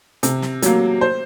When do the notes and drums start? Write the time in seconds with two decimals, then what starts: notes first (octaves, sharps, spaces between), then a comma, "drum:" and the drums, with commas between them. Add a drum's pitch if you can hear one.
0.23 C3, drum: hi-hat
0.42 drum: snare
0.62 F#3 A#3, drum: hi-hat
1.01 C5